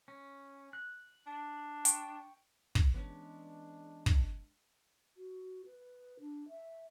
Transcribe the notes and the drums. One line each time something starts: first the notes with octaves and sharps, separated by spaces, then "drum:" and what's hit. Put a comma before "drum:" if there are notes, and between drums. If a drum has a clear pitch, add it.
C#4
F#6
D4
G5 C#6, drum: hi-hat
drum: kick
E3 G#3 B3 C#4 D4
drum: kick
F#4
B4
D4
E5